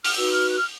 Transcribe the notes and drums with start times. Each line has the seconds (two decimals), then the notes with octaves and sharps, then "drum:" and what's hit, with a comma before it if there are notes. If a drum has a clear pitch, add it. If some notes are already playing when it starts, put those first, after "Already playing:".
0.04 F6, drum: open hi-hat
0.16 D#4 F#4 B4 E6
0.32 F6
0.50 F#6
0.57 F6